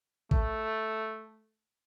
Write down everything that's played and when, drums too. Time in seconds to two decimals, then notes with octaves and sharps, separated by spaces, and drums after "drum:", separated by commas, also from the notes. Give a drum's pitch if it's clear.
0.31 A3, drum: kick